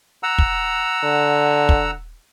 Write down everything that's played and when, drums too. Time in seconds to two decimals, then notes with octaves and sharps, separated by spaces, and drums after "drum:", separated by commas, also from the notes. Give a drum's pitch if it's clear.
0.23 F#5 A#5 E6
0.38 drum: kick
1.04 D3
1.69 drum: kick